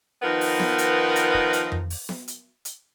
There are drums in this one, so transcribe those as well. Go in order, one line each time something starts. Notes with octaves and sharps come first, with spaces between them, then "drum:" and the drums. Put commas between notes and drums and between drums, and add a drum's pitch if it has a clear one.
D#3 F3 B3 D#4 A#4 B4
drum: open hi-hat
drum: snare B3
drum: hi-hat
drum: hi-hat
drum: kick
drum: hi-hat
drum: tom F2
drum: open hi-hat
drum: snare B3
drum: hi-hat
drum: hi-hat